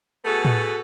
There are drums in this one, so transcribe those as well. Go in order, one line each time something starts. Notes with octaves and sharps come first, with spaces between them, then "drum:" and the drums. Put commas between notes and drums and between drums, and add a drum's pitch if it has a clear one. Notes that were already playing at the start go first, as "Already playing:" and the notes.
B2 A3 B3 F#4 G#4 A4
drum: tom A2